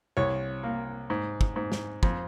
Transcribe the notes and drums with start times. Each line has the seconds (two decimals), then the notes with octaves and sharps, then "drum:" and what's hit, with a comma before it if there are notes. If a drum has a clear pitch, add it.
0.17 C2 C#5
0.63 A#3
1.10 G#2
1.41 drum: kick
1.56 G#2
1.72 drum: snare
2.03 F2, drum: kick